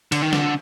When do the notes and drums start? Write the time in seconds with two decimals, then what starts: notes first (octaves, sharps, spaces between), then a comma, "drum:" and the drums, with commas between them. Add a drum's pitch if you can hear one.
0.12 D3, drum: cymbal
0.22 D#3
0.33 D3, drum: snare